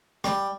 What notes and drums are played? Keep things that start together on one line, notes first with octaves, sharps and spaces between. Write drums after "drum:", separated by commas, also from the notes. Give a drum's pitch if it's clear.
G3, drum: rim click